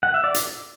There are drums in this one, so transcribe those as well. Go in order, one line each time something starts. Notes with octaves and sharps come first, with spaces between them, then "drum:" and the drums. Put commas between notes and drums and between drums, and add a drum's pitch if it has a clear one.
F#5
E5
D5
drum: hi-hat